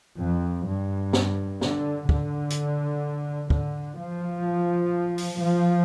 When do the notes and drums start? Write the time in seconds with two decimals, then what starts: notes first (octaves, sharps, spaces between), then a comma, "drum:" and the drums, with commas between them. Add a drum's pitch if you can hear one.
0.20 F2
0.67 G2
1.13 drum: snare
1.61 D3, drum: snare
2.09 D3, drum: kick
2.50 drum: hi-hat
3.50 D3, drum: kick
3.98 F3
5.18 drum: open hi-hat
5.40 F3